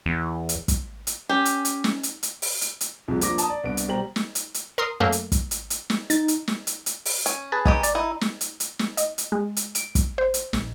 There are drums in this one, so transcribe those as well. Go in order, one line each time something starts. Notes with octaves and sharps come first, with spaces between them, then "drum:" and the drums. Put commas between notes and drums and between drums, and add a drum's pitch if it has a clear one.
E2
drum: hi-hat
drum: kick, hi-hat
drum: hi-hat
C#4 G4 G#5
drum: hi-hat
drum: hi-hat
drum: snare
drum: hi-hat
drum: hi-hat
drum: open hi-hat
drum: hi-hat
drum: hi-hat
C2 F2 C3 F3 G#3
F3 A#3 D4 D6 A#6, drum: hi-hat
A5 A#5 D#6, drum: hi-hat
D5
C2 B3 D4 D7
drum: hi-hat
B2 G3 C5 G5 A#5 F#7
drum: snare
drum: hi-hat
drum: hi-hat
A#4 C6 D#6
F#2 A3 A#3
drum: hi-hat
drum: kick, hi-hat
drum: hi-hat
drum: hi-hat
drum: snare
D#4 A6, drum: hi-hat
drum: hi-hat
drum: snare
drum: hi-hat
drum: hi-hat
drum: open hi-hat
C#4, drum: hi-hat
G#4 B4 A5
C#4 D#4 G4, drum: kick
D5, drum: hi-hat
D#4 E4
drum: snare
drum: hi-hat
drum: hi-hat
drum: snare
D#5, drum: hi-hat
drum: hi-hat
G#3
drum: hi-hat
D7, drum: hi-hat
drum: kick, hi-hat
C5
drum: hi-hat
A#1, drum: snare